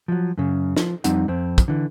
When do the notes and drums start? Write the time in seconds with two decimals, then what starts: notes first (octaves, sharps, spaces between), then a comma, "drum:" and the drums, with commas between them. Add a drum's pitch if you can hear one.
0.08 F3 F#3
0.38 F#2 C#3
0.77 F3, drum: snare
1.04 F2 G3 C4 D#4 F#5, drum: hi-hat
1.28 F2 C4
1.58 drum: kick, hi-hat
1.68 D3 E3